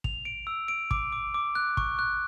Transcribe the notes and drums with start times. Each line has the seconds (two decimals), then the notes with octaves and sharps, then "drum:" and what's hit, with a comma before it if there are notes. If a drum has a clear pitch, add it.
0.04 F7, drum: kick
0.25 D7
0.47 E6
0.68 D7
0.91 D6, drum: kick
1.12 D6
1.34 D6
1.55 F#6
1.77 C#6, drum: kick
1.99 F#6